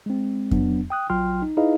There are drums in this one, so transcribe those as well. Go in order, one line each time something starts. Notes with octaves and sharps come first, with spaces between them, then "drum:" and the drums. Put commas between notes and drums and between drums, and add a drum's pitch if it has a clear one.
G#3 C4
F#3 B3 D4, drum: kick F2
G5 D#6 F#6
A#1 F#3 F4 G5 C6 F6
D#4
D#4 E4 G#4 B4 D#5 F5